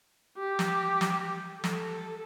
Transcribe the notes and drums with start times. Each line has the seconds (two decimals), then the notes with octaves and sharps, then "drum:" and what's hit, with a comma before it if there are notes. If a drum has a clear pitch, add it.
0.38 G4
0.59 drum: snare
1.01 drum: snare
1.64 A4, drum: snare